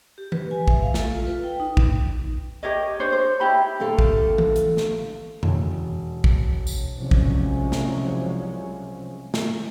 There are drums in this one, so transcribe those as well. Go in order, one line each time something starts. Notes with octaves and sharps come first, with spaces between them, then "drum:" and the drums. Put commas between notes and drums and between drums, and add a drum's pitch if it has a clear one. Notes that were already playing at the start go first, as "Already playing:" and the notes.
G4
B4, drum: tom E3
G#5
E5, drum: kick A1
F5
A4, drum: snare
F4
B4
G5
D#4
drum: kick A1
G4 A#4 C#5 D#5
D4 C5 C#5
C5
D#4 E4 G4 B5
A#2 D3 A3 G4 A4 F5
drum: kick A1
drum: tom E3
drum: hi-hat
drum: snare
E1, drum: tom F2
drum: kick A1
drum: tambourine
C2 C3 F3 F#3 G#3 C#4
drum: kick A1
drum: snare
drum: snare